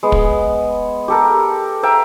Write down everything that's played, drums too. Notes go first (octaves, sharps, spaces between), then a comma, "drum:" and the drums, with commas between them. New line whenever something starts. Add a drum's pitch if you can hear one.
G#3 B3
drum: kick
G4 A4 A#4
E5 F5 G5 A#5